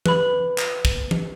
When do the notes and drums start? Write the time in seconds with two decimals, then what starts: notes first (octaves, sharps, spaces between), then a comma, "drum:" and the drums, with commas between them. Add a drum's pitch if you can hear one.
0.06 B4 B5, drum: tom E3
0.58 drum: clap
0.85 drum: kick
1.11 drum: tom E3